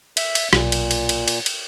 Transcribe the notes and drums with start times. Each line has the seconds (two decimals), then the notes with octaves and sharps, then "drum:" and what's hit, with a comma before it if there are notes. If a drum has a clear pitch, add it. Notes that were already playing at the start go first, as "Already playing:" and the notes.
0.17 E5, drum: cymbal
0.35 drum: cymbal
0.53 B1 A#2, drum: rim click
0.72 drum: cymbal
0.91 drum: cymbal
1.09 drum: cymbal
1.28 drum: cymbal
1.46 drum: cymbal